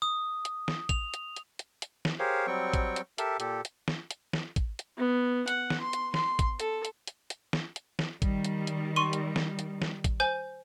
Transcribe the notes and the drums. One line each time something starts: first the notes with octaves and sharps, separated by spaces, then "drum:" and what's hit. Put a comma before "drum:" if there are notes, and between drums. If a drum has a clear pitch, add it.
D#6
drum: hi-hat
drum: snare
F7, drum: kick, hi-hat
drum: hi-hat
drum: hi-hat
drum: hi-hat
drum: hi-hat
drum: snare
G4 G#4 A#4 C5 C#5 F5
F#3 G3 C4 G5 C#6
drum: kick, hi-hat
drum: hi-hat
G4 A4 A#4 E5 A5, drum: hi-hat
A#2 G4 A4, drum: hi-hat
drum: hi-hat
drum: snare
drum: hi-hat
drum: snare
drum: kick, hi-hat
drum: hi-hat
B3
F#5, drum: hi-hat
drum: snare
C6
drum: hi-hat
C6, drum: snare
drum: kick, hi-hat
A4, drum: hi-hat
drum: hi-hat
drum: hi-hat
drum: hi-hat
drum: snare
drum: hi-hat
drum: snare
D#3 G3, drum: kick, hi-hat
drum: hi-hat
drum: hi-hat
C6 C#6 D#7
drum: hi-hat
drum: snare
drum: hi-hat
drum: snare
drum: kick, hi-hat
C5 G#5 G6